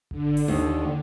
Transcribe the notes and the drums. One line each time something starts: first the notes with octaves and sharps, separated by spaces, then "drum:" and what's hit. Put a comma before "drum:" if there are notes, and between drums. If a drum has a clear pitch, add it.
D3, drum: kick G#1
drum: open hi-hat
D#2